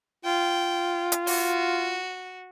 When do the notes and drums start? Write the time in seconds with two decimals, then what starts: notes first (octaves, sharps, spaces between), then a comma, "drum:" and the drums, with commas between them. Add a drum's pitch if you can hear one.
0.25 F4 G5
1.12 drum: hi-hat
1.27 F#4, drum: open hi-hat